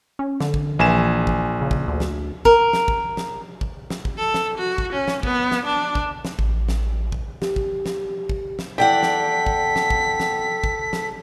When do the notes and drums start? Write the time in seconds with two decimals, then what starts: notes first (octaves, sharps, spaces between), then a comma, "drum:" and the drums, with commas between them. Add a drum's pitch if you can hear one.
0.19 C#4
0.40 D3, drum: snare
0.54 drum: kick
0.79 A#1 E3 G#5 E7
1.27 drum: kick
1.61 C#3
1.71 drum: kick
1.88 D2
2.00 drum: snare
2.45 A#4, drum: kick
2.73 drum: snare
2.88 drum: kick
3.17 drum: snare
3.61 drum: kick
3.90 drum: snare
4.05 drum: kick
4.18 A4
4.34 drum: snare
4.58 F#4
4.78 drum: kick
4.93 C#4
5.08 drum: snare
5.23 B3, drum: kick
5.51 drum: snare
5.65 D4
5.95 drum: kick
6.25 drum: snare
6.39 A1, drum: kick
6.68 drum: snare
7.12 drum: kick
7.42 G4, drum: snare
7.56 drum: kick
7.86 drum: snare
8.29 drum: kick
8.59 drum: snare
8.78 E2 A4 D5 F#5 G5 B6
9.03 drum: snare
9.47 drum: kick
9.76 drum: snare
9.90 drum: kick
10.20 drum: snare
10.64 drum: kick
10.93 drum: snare